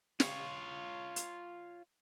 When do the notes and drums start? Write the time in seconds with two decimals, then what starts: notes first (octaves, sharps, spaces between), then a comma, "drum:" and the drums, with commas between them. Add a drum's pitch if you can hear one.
0.20 F4 C#5, drum: snare
1.16 drum: hi-hat